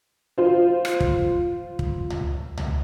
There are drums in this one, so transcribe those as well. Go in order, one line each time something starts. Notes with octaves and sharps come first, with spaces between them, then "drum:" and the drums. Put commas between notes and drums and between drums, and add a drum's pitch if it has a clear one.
F4 C5
drum: rim click
drum: kick
drum: kick
drum: tom C#2
drum: tom C#2